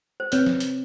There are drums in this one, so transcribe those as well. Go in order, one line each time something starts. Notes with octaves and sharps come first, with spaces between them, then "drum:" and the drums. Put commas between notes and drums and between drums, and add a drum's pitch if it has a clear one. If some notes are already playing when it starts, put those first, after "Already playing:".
C5
C4 B4 C#5, drum: hi-hat
drum: snare
drum: hi-hat